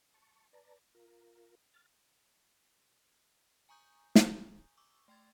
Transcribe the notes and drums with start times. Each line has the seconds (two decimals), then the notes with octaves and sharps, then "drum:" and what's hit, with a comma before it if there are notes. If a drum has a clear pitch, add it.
0.14 A5 C#6
0.53 B4 D5 A5 A#5
0.95 F4 A#4
1.74 F6 A6
3.69 G#5 A#5 C#6 D#6 G6
4.15 drum: snare
4.77 C#6 D6 E6
5.08 A3 G5 C6 G#6 A6